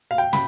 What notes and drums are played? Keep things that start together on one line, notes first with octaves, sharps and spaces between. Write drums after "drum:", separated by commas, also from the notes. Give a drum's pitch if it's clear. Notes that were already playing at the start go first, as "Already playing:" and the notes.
F5
G5
B5, drum: snare